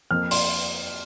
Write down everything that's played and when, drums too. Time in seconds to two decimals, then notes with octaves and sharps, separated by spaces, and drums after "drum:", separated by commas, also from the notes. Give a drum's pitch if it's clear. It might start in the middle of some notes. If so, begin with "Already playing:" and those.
0.11 F2 F3 A#3 F6
0.31 C6, drum: open hi-hat